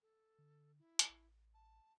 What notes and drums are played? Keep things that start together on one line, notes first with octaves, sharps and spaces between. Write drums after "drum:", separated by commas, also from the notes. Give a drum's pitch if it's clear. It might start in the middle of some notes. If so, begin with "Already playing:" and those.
A4
D3
E4
drum: hi-hat
A1
A5